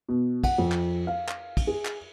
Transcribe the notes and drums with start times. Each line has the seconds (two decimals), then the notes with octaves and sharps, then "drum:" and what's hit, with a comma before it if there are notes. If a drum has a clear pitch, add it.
0.09 B2
0.43 F#5, drum: kick, cymbal
0.58 F2
0.72 drum: clap
1.07 F5
1.29 drum: clap
1.57 drum: kick, cymbal
1.67 G#4
1.85 drum: clap